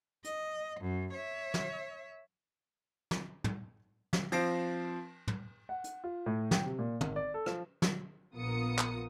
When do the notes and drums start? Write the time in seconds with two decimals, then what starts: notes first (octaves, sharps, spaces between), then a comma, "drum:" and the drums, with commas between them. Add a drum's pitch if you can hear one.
0.24 D#5, drum: hi-hat
0.81 F#2
1.14 C#5 E5
1.54 drum: snare
3.11 drum: snare
3.44 drum: tom
4.13 drum: snare
4.32 F3 C4 A#6 C7 D7, drum: cymbal
5.28 drum: tom
5.69 F#5
5.84 drum: hi-hat
6.04 F4
6.26 A2
6.51 G5, drum: snare
6.64 C3
6.79 A#2
7.01 G#1, drum: tom
7.16 D5
7.34 A4
7.46 F3, drum: rim click
7.82 drum: snare
8.36 A#1 B3 F4 A#4 D#6 C#7
8.78 drum: clap